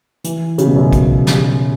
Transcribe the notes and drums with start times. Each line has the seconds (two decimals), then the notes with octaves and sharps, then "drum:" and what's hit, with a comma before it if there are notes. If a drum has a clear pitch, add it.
0.24 E3, drum: hi-hat
0.58 C#3, drum: hi-hat
0.67 B2
0.76 F#2
0.93 drum: kick, hi-hat
1.27 drum: snare